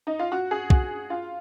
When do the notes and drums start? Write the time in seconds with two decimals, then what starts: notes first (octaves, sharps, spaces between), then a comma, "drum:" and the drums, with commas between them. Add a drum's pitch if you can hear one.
0.07 D#4
0.19 F4
0.32 F#4
0.51 G#4
0.70 F#4, drum: kick
1.10 F4